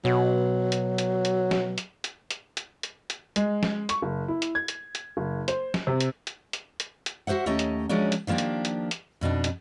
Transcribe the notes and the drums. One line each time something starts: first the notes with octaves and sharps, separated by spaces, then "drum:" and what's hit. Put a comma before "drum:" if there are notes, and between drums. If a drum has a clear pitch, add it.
B2 F#3
drum: hi-hat
drum: hi-hat
drum: hi-hat
drum: snare
drum: hi-hat
drum: hi-hat
drum: hi-hat
drum: hi-hat
drum: hi-hat
drum: hi-hat
G#3, drum: hi-hat
drum: snare
C#6, drum: hi-hat
F#1
E4
drum: hi-hat
G#6
drum: hi-hat
drum: hi-hat
F#1
C5, drum: hi-hat
drum: snare
C3
drum: hi-hat
drum: hi-hat
drum: hi-hat
drum: hi-hat
drum: hi-hat
F#4 G#4 C5 E5 F#5
D#2 A3 C#4 G4 D#5 A#5
drum: hi-hat
F3 F#3 G#3 C#4 D4
drum: hi-hat
D#3 F3 A#3 D4 G4
drum: hi-hat
drum: hi-hat
drum: hi-hat
F2 B2 D4 D#4
drum: hi-hat